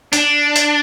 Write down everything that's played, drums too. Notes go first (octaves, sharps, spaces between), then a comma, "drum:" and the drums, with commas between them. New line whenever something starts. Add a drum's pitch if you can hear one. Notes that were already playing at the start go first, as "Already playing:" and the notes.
D4, drum: hi-hat
drum: hi-hat